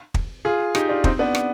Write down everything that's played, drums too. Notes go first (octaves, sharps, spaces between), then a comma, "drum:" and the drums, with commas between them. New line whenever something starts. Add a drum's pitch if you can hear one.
drum: kick
F4 G#4
D#4 G4, drum: rim click
D4 F4
C4 D#4, drum: kick
B3 D4
drum: rim click